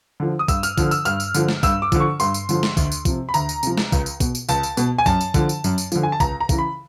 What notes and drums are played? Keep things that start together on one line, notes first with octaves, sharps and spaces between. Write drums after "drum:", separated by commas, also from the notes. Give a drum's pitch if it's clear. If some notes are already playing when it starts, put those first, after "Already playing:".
D3 F3
D#6
G2 E6, drum: kick, tambourine
F6, drum: tambourine
D3 F3, drum: kick, tambourine
E6, drum: tambourine
G2 F6, drum: tambourine
drum: tambourine
D3 F3, drum: tambourine
drum: snare
G2 E6, drum: kick, tambourine
D6
D3 F3, drum: kick, tambourine
C#6
G2 C6, drum: tambourine
drum: tambourine
D3 F3, drum: tambourine
drum: snare
D2, drum: kick, tambourine
drum: tambourine
C3 F3, drum: kick, tambourine
B5
D2 A#5, drum: tambourine
drum: tambourine
C3 F3, drum: tambourine
drum: snare
C#2, drum: kick, tambourine
drum: tambourine
B2, drum: kick, tambourine
drum: tambourine
C#2 A5, drum: tambourine
drum: tambourine
B2, drum: tambourine
G#5
F#2 A5, drum: kick, tambourine
drum: tambourine
D3 F3, drum: kick, tambourine
drum: tambourine
F#2, drum: tambourine
drum: tambourine
D3 F3, drum: tambourine
G#5
A5
C#2 A#5, drum: kick, tambourine
A#5
C#3 E3, drum: kick, tambourine
B5